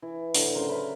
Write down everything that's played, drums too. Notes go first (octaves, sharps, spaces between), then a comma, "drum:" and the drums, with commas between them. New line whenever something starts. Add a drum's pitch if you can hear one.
E3
A2 D3, drum: open hi-hat
C#3 F#3 A#4 C5
A#4 B4 E5 B5